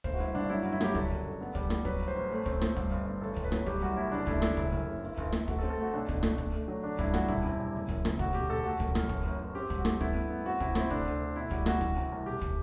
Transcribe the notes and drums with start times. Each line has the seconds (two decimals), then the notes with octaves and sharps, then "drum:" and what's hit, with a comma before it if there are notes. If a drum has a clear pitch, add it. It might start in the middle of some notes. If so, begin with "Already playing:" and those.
0.04 G1 C5, drum: kick
0.14 F#4
0.20 G2 E4
0.35 G2 D4
0.50 F#3 E4
0.62 G1 F#4
0.73 E4
0.81 F#3 G4, drum: rim click
0.95 D3 A4, drum: kick
1.10 F#2
1.26 D3
1.41 B3
1.55 G3, drum: kick
1.70 G3, drum: rim click
1.85 F#3 B4, drum: kick
2.01 A1
2.08 C5
2.16 A1
2.31 A3
2.46 C4, drum: kick
2.61 A3, drum: rim click
2.77 G2, drum: kick
2.91 G1
3.06 G1
3.21 A1 A4
3.37 A1, drum: kick
3.44 B4
3.52 F#3, drum: rim click
3.67 G3 G4, drum: kick
3.82 C2 F#4
3.97 C2 E4
4.12 F#1 D4
4.27 A3 E4, drum: kick
4.42 A3 E4, drum: rim click
4.57 F#1, drum: kick
4.72 F#2
4.88 F#1
5.03 G1
5.18 G1, drum: kick
5.32 G1, drum: rim click
5.48 A3 F#4, drum: kick
5.59 A4
5.63 C4
5.70 A4
5.78 A3 F#4
5.93 B1 D4
6.09 B2, drum: kick
6.23 A3, drum: rim click
6.38 A3, drum: kick
6.53 A3
6.68 F#3
6.83 D3 D4
6.99 G2 E4, drum: kick
7.14 G3 F#4, drum: rim click
7.29 E1 E4, drum: kick
7.44 C3
7.59 G3
7.74 F#1
7.89 F#2, drum: kick
8.05 F#1, drum: rim click
8.19 D2 F#4, drum: kick
8.34 E1 G4
8.50 E1 A4
8.64 A3 F#4
8.80 F#2, drum: kick
8.95 F#2, drum: rim click
9.09 A1, drum: kick
9.25 A1
9.40 A1
9.55 C4 G4
9.70 G2, drum: kick
9.78 F#4
9.85 A3, drum: rim click
10.01 B3 E4, drum: kick
10.15 B3
10.30 B3
10.46 C4 F#4
10.60 C3 E4, drum: kick
10.75 C4 E4, drum: rim click
10.91 D2 D4, drum: kick
11.06 D3
11.21 D3
11.36 B2 E4
11.51 G3 F#4, drum: kick
11.66 C2 F#4, drum: rim click
11.81 E3, drum: kick
11.97 C3
12.12 C2
12.26 E1 G4
12.42 drum: kick